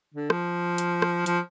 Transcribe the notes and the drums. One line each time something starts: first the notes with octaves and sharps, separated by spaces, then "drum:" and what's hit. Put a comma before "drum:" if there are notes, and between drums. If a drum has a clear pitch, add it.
D3
F3, drum: rim click
drum: hi-hat
drum: rim click
F3, drum: hi-hat